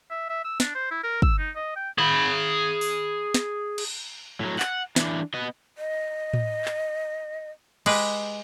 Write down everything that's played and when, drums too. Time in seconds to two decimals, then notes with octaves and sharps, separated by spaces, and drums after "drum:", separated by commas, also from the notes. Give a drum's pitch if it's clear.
0.11 E5
0.29 E5
0.44 E6
0.60 D4, drum: snare
0.75 C5
0.91 E4
1.03 A#4
1.22 E6, drum: kick
1.38 D#4
1.56 D#5
1.76 G5
1.98 G#4 B5
2.81 drum: open hi-hat
3.34 drum: snare
3.78 drum: cymbal
4.40 A2 F#3
4.59 F#5, drum: clap
4.96 E3 D4, drum: snare
5.34 B3 D#5
5.78 D#5
6.33 drum: tom A2
6.65 drum: clap
7.86 G#3 G4 B4, drum: cymbal